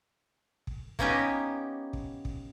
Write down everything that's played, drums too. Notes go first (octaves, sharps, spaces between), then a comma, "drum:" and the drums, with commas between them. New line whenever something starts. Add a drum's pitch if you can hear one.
drum: kick
A#3 B3 C#4 D#4 G4, drum: kick
drum: kick
drum: kick